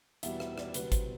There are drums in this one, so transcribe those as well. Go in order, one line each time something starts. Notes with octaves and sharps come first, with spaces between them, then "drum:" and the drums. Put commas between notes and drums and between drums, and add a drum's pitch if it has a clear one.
E2 B2 G3 B3 E5, drum: hi-hat
E5, drum: rim click
D5, drum: rim click
D2 C3 F#3 B4, drum: hi-hat
C5, drum: kick G#1, hi-hat